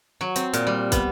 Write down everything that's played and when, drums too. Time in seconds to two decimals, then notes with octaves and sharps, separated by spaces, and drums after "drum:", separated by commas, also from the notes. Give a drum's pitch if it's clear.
0.21 F#3
0.36 C4, drum: hi-hat
0.53 A#2, drum: hi-hat
0.67 G3
0.92 B3, drum: kick, hi-hat